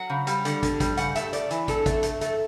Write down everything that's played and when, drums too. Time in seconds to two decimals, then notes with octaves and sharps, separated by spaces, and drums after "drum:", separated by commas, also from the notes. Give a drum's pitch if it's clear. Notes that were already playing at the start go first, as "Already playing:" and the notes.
Already playing: F#3 F#5
0.10 C#3
0.27 G3, drum: hi-hat
0.45 D3, drum: hi-hat
0.63 D3, drum: kick, hi-hat
0.80 G3, drum: kick, hi-hat
0.97 C#3 F#5, drum: hi-hat
1.15 A3 E5, drum: hi-hat
1.33 A3 D5, drum: hi-hat
1.50 E3, drum: hi-hat
1.68 D3 A4, drum: kick, hi-hat
1.86 A3, drum: kick, hi-hat
2.03 A3, drum: hi-hat
2.21 A3, drum: hi-hat